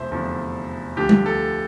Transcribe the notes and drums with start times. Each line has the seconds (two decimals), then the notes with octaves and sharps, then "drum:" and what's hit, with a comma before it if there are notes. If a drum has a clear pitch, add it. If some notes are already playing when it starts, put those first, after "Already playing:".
Already playing: F1 E2 F3 C5 E5
0.11 F1 E2 D3 F3
0.97 D2 D3 F3 G4
1.09 drum: tom G3
1.26 A4